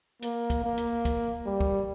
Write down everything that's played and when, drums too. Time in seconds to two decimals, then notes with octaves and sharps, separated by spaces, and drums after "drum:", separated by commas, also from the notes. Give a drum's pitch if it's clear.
0.22 A#3, drum: hi-hat
0.50 drum: kick, hi-hat
0.64 A#3
0.78 drum: hi-hat
1.05 drum: kick, hi-hat
1.46 G3
1.60 drum: kick